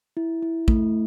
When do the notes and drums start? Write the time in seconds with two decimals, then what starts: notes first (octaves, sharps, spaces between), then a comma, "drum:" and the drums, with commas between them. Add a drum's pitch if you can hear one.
0.17 E4
0.42 E4
0.68 A3, drum: kick